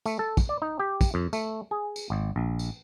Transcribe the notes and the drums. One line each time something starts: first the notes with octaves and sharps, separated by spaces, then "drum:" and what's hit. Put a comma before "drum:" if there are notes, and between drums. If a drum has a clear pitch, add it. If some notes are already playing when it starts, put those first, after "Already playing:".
A3, drum: tambourine
A4
drum: kick, tambourine
D5
D#4
G4
drum: kick, tambourine
F2
A3, drum: tambourine
G#4
drum: tambourine
G#1
A#1
drum: tambourine